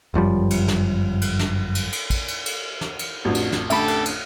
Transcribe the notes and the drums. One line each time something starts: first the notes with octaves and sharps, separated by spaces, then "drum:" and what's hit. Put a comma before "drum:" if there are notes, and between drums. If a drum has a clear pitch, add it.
G1 F#2 F3 G3
drum: cymbal
drum: snare
drum: cymbal
drum: snare
drum: cymbal
drum: cymbal
drum: kick, cymbal
drum: cymbal
drum: cymbal
drum: snare
drum: cymbal
A1 F2 D4 F#4 G4
drum: cymbal
drum: snare
D3 A3 C#4 G4 A4 E5 B5, drum: cymbal
drum: cymbal
drum: cymbal